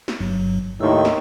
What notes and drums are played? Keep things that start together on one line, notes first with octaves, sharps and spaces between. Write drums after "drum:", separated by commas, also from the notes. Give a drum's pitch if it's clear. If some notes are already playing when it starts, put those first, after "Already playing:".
drum: snare
G1 G2 F#3
D#2 A2 D#3 C6 C#6 E6
drum: snare